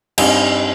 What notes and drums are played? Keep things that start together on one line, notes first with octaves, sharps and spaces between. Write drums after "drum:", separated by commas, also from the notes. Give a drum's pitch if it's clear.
G2 G3 C4 D#4 G#5, drum: cymbal